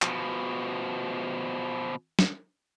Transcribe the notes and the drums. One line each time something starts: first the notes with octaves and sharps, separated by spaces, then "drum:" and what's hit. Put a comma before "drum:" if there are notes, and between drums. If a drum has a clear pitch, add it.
B2 F3, drum: clap
drum: snare